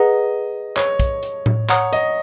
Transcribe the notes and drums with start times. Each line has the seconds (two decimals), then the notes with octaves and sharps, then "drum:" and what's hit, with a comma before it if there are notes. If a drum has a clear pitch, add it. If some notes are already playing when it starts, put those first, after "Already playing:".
Already playing: G#4 B4 D#5 F#5 A#5
0.76 C#5, drum: clap
1.00 drum: kick, hi-hat
1.23 drum: hi-hat
1.46 drum: tom A2
1.69 C#5 F#5 A#5 D#6, drum: clap
1.93 D#5, drum: hi-hat